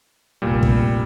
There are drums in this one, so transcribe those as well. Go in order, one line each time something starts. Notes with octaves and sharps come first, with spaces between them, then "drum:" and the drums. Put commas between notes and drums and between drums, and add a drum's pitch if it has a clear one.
F1 A#1 A#2 G3
drum: kick